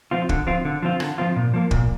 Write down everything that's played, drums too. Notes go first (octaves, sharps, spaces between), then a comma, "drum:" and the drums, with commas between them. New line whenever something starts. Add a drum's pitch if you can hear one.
F3 C4 F4
D3, drum: kick
F3 C4 F4
D3
F3 C4 F4
D3, drum: rim click
F3 C4 F4
A#2
F3 A#3
A#2, drum: kick